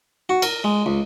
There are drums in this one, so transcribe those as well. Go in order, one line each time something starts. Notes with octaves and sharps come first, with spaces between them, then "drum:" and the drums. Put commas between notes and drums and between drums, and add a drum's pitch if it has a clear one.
F#4
A#4, drum: cymbal
G#3
C#2